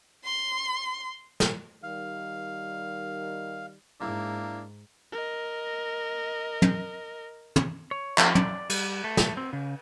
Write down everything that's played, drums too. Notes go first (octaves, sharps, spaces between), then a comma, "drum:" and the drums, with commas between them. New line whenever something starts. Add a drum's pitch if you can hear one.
C6
drum: snare
D#3 G3 F5
G#2 A#3 D4 E4
A#4 D#5
drum: tom
drum: tom
C#5
F3, drum: clap
D5, drum: tom
G3, drum: cymbal
A3
drum: snare
C4
C#3